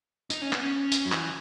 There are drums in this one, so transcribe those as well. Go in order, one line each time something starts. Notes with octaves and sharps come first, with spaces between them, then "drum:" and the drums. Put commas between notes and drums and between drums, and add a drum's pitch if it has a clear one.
D#4, drum: tambourine
C#4
B3, drum: clap
C#4
drum: tambourine
F#3
E3, drum: clap